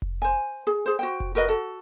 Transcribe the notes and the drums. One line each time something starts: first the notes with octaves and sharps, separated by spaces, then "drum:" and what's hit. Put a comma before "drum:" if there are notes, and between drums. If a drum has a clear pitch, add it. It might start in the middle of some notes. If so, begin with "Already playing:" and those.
drum: kick F1
C5 G#5
G#4
G#4 C5
F#4 C5 G5
drum: kick F1
F#4 A#4 B4 D#5
F#4 A4